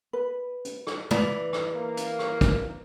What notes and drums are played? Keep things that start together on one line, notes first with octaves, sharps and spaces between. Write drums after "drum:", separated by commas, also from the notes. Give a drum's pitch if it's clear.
B4
drum: hi-hat
drum: rim click
E3 D5, drum: tom
drum: rim click
A#3
drum: hi-hat
drum: rim click
drum: kick, hi-hat